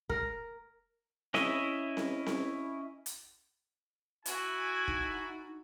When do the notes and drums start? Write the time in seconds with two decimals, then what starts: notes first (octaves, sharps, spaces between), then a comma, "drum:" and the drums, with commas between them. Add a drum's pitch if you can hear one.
0.10 A#4, drum: kick
1.34 C#4 E4 D#5 E5, drum: snare C4
1.97 drum: snare C4
2.26 drum: snare C4
3.06 drum: hi-hat
4.26 E4 F#4 A4 G#5, drum: hi-hat
4.88 D#4, drum: kick